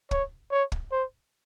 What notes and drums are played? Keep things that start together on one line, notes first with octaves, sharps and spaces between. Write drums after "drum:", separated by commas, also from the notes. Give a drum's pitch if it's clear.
C#5, drum: kick
C#5
drum: kick
C5